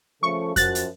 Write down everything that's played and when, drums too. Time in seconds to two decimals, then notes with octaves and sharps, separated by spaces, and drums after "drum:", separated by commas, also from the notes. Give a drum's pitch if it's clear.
0.23 C#3 F3 A3 C#6
0.56 F#2 F3 F#4 F#6 A6, drum: kick F2, hi-hat
0.75 drum: hi-hat